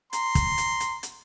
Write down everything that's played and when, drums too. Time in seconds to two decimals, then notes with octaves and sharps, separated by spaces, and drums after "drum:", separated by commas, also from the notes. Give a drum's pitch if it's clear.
0.13 A#5 C6, drum: hi-hat
0.35 drum: kick, hi-hat
0.58 drum: hi-hat
0.80 drum: hi-hat
1.03 drum: hi-hat